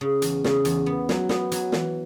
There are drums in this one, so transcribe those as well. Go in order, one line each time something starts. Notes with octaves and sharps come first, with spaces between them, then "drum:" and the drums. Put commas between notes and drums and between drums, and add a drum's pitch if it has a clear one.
C#3
E2, drum: hi-hat
C#3, drum: snare
E2, drum: hi-hat
B3
F#3, drum: snare
B3, drum: snare
F#3, drum: hi-hat
E3, drum: snare